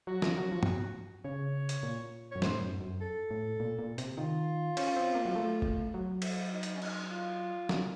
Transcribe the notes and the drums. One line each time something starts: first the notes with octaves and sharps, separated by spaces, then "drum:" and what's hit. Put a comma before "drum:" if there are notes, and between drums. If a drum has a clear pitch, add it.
F#3 F#4
F3, drum: snare
F#3
F3
drum: tom
C#3 C#5
drum: hi-hat
A#2
F#2 C#5
A2 C5, drum: snare
F#2
F#2
A4
A2
A#2
A#2
C3, drum: hi-hat
D#3 F4
C#4, drum: cymbal
C4
A#3
F#3
A3
drum: kick
F#3
drum: cymbal
D#4
drum: hi-hat
C#4
D#4, drum: cymbal
F4
F#3, drum: snare